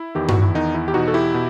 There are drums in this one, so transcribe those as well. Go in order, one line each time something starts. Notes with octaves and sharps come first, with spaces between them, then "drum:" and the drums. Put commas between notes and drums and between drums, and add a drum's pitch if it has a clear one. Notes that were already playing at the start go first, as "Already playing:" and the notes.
Already playing: E4
E2 D#3 G4
F#4, drum: tom G2
E4
E2 D#3 D#4
E4
G4
E2 B2 D#4 F#4
A4
E4 G4
B2